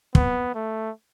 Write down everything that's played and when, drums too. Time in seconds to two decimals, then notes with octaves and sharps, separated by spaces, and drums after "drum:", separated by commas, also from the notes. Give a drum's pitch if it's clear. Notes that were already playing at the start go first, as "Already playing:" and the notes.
0.15 B3, drum: kick
0.55 A3